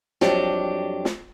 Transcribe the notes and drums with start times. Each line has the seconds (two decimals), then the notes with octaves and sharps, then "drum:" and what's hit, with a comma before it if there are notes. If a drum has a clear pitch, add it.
0.21 F2 F#3 G3 D4 G4, drum: snare
1.05 drum: snare